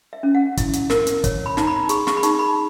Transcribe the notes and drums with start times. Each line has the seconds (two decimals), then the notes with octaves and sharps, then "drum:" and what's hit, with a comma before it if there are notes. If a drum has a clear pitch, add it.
0.13 E5
0.23 C#4
0.35 F#5
0.57 E4, drum: kick, hi-hat
0.73 drum: hi-hat
0.90 A#4, drum: snare
1.07 drum: hi-hat
1.24 C#5, drum: kick, hi-hat
1.46 B5
1.57 D#4 A#5, drum: snare
1.67 B5
1.89 G#4 C#6, drum: hi-hat
2.07 C#6, drum: snare
2.17 B5
2.23 D#4 C#6, drum: hi-hat
2.39 B5